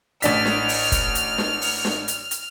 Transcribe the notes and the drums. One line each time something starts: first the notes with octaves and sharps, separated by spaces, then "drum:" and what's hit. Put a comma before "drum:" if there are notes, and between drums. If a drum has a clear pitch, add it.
A1 D4 F6 B6, drum: hi-hat
drum: snare
drum: open hi-hat
drum: kick, hi-hat
drum: hi-hat
drum: snare
drum: open hi-hat
drum: snare
drum: hi-hat
drum: hi-hat